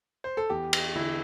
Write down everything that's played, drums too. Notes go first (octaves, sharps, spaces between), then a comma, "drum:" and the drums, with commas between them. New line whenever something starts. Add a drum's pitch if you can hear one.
C5
A4
E2 G4
drum: cymbal
D3 E4